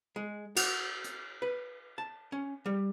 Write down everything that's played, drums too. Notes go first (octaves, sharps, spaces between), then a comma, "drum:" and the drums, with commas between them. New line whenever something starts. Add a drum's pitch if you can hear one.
G#3
F#4, drum: cymbal
drum: hi-hat
B4
A5
C#4
G3